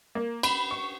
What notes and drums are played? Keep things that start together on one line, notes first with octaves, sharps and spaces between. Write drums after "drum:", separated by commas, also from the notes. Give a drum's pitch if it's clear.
A#3
B5, drum: cymbal
C#6